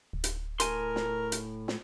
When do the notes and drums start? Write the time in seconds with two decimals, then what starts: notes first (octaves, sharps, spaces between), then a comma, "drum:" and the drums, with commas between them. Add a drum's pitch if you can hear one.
0.13 D1
0.24 drum: hi-hat
0.60 A2 A#4 G#5 C6, drum: hi-hat
0.96 drum: snare
1.32 drum: hi-hat
1.68 drum: snare